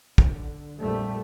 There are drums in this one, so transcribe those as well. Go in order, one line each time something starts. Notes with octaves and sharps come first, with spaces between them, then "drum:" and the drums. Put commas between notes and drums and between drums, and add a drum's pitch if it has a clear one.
D3, drum: kick
A#1 F2 G3 A3